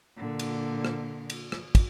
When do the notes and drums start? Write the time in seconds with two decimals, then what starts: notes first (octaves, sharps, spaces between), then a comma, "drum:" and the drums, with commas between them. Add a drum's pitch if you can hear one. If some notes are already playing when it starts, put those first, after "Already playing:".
0.17 A#2 D3
0.39 drum: cymbal
0.85 drum: rim click
1.30 drum: cymbal
1.52 drum: rim click
1.75 drum: kick, cymbal